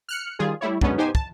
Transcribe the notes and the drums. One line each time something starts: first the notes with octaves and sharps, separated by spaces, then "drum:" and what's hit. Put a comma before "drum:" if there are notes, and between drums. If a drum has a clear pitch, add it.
F6 F#6 C#7
D#3 G3 F4 G#4
G3 A3 E4 C#5
F#2 D3 F#3 G#3 B3 C#4, drum: kick
B3 D#4 G4 C5 G#5
A5, drum: kick